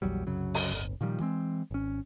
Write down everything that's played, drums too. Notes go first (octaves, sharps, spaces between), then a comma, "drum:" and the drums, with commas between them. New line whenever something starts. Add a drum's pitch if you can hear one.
A#1 E2 F#3 G3
C2 F#2 C#3 F#3
drum: open hi-hat
D1 G1
A#2 D#3 F3 G3
E3 G#3 C4
G#1 C#4